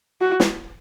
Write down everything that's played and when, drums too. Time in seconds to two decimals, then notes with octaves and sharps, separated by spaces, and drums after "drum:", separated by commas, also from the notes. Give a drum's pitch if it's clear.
0.21 F#4
0.40 drum: snare